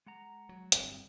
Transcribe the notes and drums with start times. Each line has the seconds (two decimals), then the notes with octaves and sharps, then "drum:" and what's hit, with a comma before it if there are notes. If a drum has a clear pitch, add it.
0.06 G#3 F#5 A#5
0.49 F#3
0.72 D1 G1 D2 G3 C4, drum: hi-hat